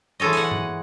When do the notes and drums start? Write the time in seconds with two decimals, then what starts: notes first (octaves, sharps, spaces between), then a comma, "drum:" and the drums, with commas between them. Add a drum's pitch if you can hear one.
0.20 E3 G#3 A4 C#5 D#5
0.33 F#5 G#5, drum: open hi-hat
0.51 drum: tom G2